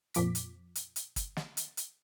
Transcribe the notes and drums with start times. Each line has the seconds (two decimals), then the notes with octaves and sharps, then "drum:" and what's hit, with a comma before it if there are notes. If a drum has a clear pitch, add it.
0.14 F2 A#2 F3 D6 B6, drum: hi-hat
0.35 drum: hi-hat
0.75 drum: hi-hat
0.96 drum: hi-hat
1.16 drum: kick, hi-hat
1.37 drum: snare
1.57 drum: hi-hat
1.77 drum: hi-hat